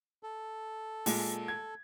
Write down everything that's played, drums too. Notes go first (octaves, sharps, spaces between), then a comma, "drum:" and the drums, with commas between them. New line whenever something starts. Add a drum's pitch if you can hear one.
A4
A#2 G#3, drum: open hi-hat
G#6